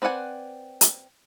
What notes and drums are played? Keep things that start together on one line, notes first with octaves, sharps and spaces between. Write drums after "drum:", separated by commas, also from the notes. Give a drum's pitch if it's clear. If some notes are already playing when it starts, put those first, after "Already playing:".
C4 B4 D5 F#5 G#5
drum: hi-hat